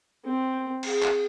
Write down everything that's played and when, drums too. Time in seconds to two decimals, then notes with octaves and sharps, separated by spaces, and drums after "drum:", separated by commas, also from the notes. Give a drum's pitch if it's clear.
0.25 C4
0.83 G#4, drum: cymbal
1.03 drum: clap